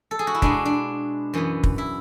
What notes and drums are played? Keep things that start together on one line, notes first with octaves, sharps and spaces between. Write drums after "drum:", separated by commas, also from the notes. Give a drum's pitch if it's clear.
A4
G#4
F#4
E4
B2 G#3 B3 D4, drum: kick
D4
F#2 E3 B3
drum: kick
E4